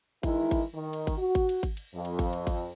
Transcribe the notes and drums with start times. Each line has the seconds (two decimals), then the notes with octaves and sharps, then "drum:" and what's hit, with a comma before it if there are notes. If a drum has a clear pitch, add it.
0.23 D#3 E3 G#3 E4, drum: kick G#1, cymbal
0.51 drum: kick G#1, cymbal
0.74 D#3
0.93 drum: cymbal
1.07 drum: kick G#1, cymbal
1.17 F#4
1.35 drum: kick G#1, cymbal
1.49 drum: cymbal
1.63 drum: kick G#1, cymbal
1.77 drum: cymbal
1.95 F2
2.05 drum: cymbal
2.19 drum: kick G#1, cymbal
2.33 drum: cymbal
2.47 drum: kick G#1, cymbal